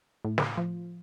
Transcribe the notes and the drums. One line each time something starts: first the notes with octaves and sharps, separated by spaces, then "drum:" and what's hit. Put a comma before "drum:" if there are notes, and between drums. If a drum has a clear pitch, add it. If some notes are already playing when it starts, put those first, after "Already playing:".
A2
drum: snare
F3